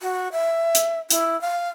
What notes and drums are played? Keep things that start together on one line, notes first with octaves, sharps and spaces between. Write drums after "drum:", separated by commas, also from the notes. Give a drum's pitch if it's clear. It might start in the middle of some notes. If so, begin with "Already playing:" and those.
F#4
E5
drum: hi-hat
E4, drum: hi-hat
F5